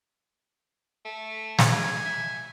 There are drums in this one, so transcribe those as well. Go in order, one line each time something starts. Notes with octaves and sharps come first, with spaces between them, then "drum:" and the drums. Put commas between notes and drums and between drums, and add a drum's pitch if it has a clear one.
A3
G#5, drum: snare
E5